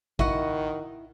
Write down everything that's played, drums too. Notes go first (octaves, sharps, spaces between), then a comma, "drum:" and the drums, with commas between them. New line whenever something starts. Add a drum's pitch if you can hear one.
D#3 E4 F#4 D#5 F#5, drum: kick A1